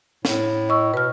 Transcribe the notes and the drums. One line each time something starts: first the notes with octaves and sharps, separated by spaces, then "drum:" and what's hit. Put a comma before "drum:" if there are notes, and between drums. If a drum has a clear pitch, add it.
A2, drum: snare
D#5 C#6 E6
B2 B4 F6